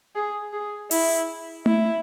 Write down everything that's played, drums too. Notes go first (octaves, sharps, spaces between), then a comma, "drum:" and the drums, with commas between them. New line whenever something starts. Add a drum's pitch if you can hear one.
G#4
G#4
E4, drum: open hi-hat
E4, drum: tom A3